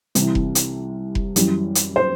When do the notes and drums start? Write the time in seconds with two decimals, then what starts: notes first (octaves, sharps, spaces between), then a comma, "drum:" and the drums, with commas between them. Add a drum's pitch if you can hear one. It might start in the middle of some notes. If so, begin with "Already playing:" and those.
0.15 C2 C3 E3, drum: hi-hat
0.35 drum: kick F1
0.55 drum: hi-hat
1.15 drum: kick F1
1.36 F#2 E3 G3, drum: hi-hat
1.75 drum: hi-hat
1.96 C5